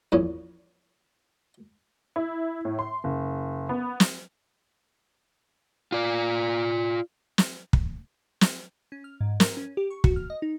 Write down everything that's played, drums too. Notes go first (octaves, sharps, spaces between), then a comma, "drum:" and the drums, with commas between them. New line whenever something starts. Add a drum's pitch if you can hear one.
E2 A#2 F3 C#4
E4
A2
C6
F#1
B3
drum: snare
F4 D5
drum: snare
drum: kick
drum: snare
C#4
F6
G#2
A#4, drum: snare
C#4
G4
C#6
F#4, drum: kick
F6
D#5
D#4